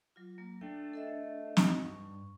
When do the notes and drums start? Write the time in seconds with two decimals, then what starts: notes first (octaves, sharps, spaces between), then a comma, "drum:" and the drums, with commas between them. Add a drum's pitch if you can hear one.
0.16 F#3 F4
0.38 F#3 A#3
0.61 A3 D4 G5
0.94 A4 D#5 E5
1.57 D#4 F#4 D#5, drum: snare
1.84 G2 C#6